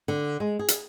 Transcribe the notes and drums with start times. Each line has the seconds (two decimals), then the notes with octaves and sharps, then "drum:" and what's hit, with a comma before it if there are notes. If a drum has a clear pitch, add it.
0.08 D3
0.40 G#3
0.59 G#4
0.68 drum: hi-hat